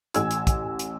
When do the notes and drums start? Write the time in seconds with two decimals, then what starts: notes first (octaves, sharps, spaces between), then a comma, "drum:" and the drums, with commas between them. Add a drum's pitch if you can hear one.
0.14 A1 G#5 E6 G#6, drum: hi-hat
0.31 drum: hi-hat
0.47 drum: kick, hi-hat
0.79 drum: hi-hat